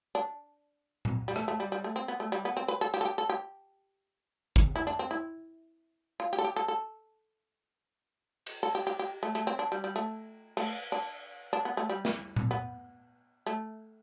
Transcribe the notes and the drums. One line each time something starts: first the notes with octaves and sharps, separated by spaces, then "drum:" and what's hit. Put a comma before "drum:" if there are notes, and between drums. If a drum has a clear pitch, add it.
D4
drum: tom A#2
G3
A3, drum: rim click
A3
G3
G3
A3
C4
B3
A3
G3
B3
C4
B4
A4
G4, drum: hi-hat
A4
G4
A4
G4
drum: kick G1
E4
D4
C4
E4
F4
G4
A4
G4
A4
A4
drum: cymbal
A4
G4
G4
G4
A3
A3
C4
D4
G3
G3
A3
A3, drum: cymbal
D4
D4
B3
A3
G3
drum: snare
drum: tom A#2
B3
A3